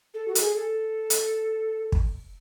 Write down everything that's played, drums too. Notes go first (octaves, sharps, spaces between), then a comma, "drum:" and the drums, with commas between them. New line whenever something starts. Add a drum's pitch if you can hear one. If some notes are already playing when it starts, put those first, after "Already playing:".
A4
F#4
A4, drum: hi-hat
G#4
A4
drum: hi-hat
drum: kick